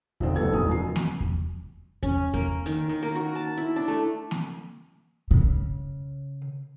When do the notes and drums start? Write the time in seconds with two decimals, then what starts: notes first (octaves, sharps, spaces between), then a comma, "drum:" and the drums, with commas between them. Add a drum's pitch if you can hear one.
0.20 B1 F2 D3 C5 G5, drum: kick E2
0.36 F1 A#1 G2 B3 A4 G#6
0.52 F#1 E2 A#2 G#5 D#6, drum: kick E2
0.68 F#2 F3 C7
0.96 drum: snare A#3
1.20 drum: kick E2
2.03 C#4, drum: kick E2
2.34 A#3, drum: kick E2
2.66 D#3, drum: hi-hat
2.89 D#3
3.03 A#3
3.15 F#4
3.35 A5
3.58 E4
3.76 D4
3.88 A3
4.31 drum: snare A#3
5.31 C#3